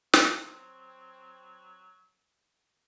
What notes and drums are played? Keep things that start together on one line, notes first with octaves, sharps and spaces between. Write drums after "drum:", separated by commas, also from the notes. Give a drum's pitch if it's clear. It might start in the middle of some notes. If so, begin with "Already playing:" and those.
F#3 C4, drum: snare